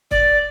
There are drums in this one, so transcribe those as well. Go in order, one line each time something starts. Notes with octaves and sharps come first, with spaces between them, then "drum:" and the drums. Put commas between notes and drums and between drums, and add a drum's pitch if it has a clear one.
D5, drum: kick